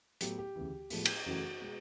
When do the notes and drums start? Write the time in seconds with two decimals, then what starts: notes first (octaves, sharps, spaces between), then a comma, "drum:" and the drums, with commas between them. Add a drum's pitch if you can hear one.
0.21 A2 F#3 B3 G4, drum: hi-hat
0.39 G4
0.56 D2 C#3 E3
0.90 A2 F3 G#3 B3, drum: open hi-hat
1.05 drum: cymbal
1.26 F#2 C#3 E3 A3 F#4
1.61 B2 G#3 B3